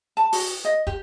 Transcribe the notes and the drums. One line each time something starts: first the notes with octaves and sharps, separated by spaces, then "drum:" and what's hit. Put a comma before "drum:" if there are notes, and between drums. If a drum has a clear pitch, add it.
A5
F#4, drum: open hi-hat
D#5
G4, drum: kick